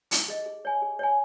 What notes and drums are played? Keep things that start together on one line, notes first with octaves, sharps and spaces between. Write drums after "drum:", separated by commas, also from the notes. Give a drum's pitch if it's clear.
D#4, drum: hi-hat
G#4 D#5
G#4
C#5 G#5
G#4
C#5 G#5